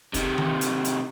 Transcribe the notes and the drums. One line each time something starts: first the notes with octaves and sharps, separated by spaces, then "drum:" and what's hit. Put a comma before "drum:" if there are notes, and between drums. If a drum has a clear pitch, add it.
C3 D#3, drum: kick, hi-hat
drum: tom D#3
drum: hi-hat
drum: hi-hat